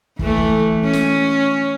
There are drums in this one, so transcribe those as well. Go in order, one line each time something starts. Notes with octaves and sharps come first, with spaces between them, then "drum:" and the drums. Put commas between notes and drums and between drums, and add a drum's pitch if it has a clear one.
E3 A3, drum: kick
drum: kick
C#4
drum: snare